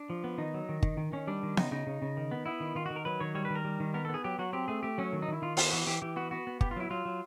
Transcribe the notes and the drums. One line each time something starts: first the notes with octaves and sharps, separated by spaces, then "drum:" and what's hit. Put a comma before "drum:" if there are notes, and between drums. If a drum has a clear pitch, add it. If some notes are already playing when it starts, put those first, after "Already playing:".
Already playing: D4
F3
B3
D#3 D#4
F#3
D#3
D#3, drum: kick G1
D#3
D#3 C#4
G3 D4
D#3
C#3 D#4, drum: snare B3
C#3 D#4
C#3
C#3
D#3
B3
B3 E4
D#3
D#3 F4
D#3 F#4
A#4
F#3 B4
D#3 C#5
G3 C#5
B4
D#3
A#4
G3
D#3
B3 A#4
B3 A4
G#4
F#3 G4
F#3 F#4
C4 G4
A3 G#4
A3 G4
F#3 C#4
D#3
D#4
D#3 E4
D#3 F4
B3 F4, drum: open hi-hat
E3 F#4
E3 G4
E3 G4
B3 F#4
B3 F#4
B3
B3 G4, drum: kick G1
F4
F#3 E4
F#3 F4
F#3